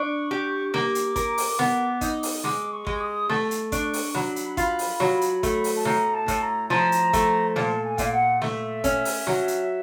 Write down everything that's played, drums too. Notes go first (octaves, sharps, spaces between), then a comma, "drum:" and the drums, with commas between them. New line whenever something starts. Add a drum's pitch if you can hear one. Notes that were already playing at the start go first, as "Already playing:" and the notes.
Already playing: D4 C#6
G4
A#3 D6, drum: snare
drum: hi-hat
A#4, drum: kick G#1, hi-hat
drum: open hi-hat
B3, drum: snare
D#4, drum: kick G#1, hi-hat
drum: open hi-hat
G#3 D6, drum: snare
C#6
G#3, drum: kick G#1
D#6
A3, drum: snare
drum: hi-hat
D4 C#6, drum: kick G#1, hi-hat
drum: open hi-hat
F#3 B5, drum: snare
drum: hi-hat
F4, drum: kick G#1, hi-hat
drum: open hi-hat
F#3, drum: snare
drum: hi-hat
A3, drum: kick G#1, hi-hat
drum: open hi-hat
A5
A2 A#5, drum: snare
A5
A2, drum: kick G#1, hi-hat
A#5
F3 A#5, drum: snare
drum: hi-hat
A3, drum: kick G#1, hi-hat
A#2 A5, drum: snare
G#5
A#2 E5, drum: kick G#1, hi-hat
F5
F#5
A3 E5, drum: snare
C#4, drum: kick G#1, hi-hat
drum: open hi-hat
F#3, drum: snare
drum: hi-hat